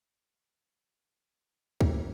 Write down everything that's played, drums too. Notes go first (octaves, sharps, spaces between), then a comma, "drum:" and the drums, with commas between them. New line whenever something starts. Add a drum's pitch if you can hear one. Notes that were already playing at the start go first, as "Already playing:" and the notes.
E3 B4
F#3 A#3
drum: kick